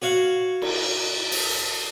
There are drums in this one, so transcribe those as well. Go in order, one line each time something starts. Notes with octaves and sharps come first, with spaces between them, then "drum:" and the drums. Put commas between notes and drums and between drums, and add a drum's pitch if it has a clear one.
F#4 C#5 F5 F#5
drum: cymbal
drum: open hi-hat